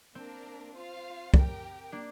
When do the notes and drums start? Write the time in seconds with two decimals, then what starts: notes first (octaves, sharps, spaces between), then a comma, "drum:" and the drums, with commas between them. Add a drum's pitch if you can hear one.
0.15 A#3 C4 D4 A#4
0.74 F4 C5 F5
1.34 G4 A#4 G5, drum: kick
1.92 A#3 D4